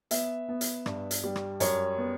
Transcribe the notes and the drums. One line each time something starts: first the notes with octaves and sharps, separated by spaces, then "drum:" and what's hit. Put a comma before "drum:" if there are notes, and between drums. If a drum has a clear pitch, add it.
B3 E5, drum: hi-hat
B3
drum: hi-hat
G2, drum: rim click
drum: hi-hat
G3
drum: rim click
F#2 C#5, drum: hi-hat
B3